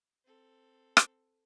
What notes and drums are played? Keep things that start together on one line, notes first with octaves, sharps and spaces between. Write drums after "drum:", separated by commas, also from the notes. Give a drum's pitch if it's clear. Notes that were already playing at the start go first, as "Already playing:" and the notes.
C4 A4
drum: rim click